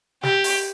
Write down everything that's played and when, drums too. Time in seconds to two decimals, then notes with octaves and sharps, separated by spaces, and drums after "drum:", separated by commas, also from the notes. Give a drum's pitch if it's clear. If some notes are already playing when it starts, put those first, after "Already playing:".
0.23 G4, drum: snare
0.44 drum: open hi-hat